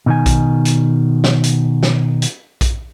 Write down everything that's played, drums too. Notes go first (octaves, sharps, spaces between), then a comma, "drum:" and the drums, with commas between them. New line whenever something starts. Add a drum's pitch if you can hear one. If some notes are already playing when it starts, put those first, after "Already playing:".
B2 D#3 G#5
drum: kick A#1, hi-hat
drum: hi-hat
drum: snare
drum: hi-hat
drum: snare
drum: hi-hat
drum: kick A#1, hi-hat